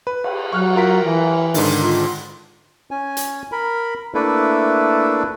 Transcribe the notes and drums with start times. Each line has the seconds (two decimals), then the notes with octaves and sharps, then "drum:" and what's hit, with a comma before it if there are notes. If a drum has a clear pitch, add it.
0.07 B4
0.24 drum: cymbal
0.53 F#3 C#6 F6 F#6
0.76 F4 A#4 B6
1.04 E3
1.54 G#2 D3 D#3, drum: open hi-hat
1.81 F4
2.91 C#4 G#5
3.17 drum: hi-hat
3.52 A#4 B5
4.15 A3 A#3 D4 E4 A4 B4